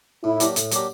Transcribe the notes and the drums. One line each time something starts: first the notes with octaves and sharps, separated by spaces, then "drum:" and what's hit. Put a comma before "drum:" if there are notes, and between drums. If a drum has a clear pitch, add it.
A2 E4
F#3 A#3 D4 G4, drum: hi-hat
A2, drum: hi-hat
F#3 A#3 D4 G4, drum: hi-hat